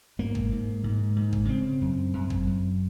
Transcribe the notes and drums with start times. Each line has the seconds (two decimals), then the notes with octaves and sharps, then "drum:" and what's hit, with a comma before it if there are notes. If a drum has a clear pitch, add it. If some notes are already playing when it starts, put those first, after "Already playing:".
0.19 G#2 A#3
0.35 drum: kick
0.51 G#2
0.84 G#2
1.16 G#2
1.33 drum: kick
1.49 C#3 C4
1.81 F#2
2.13 F#2
2.30 drum: kick
2.47 F#2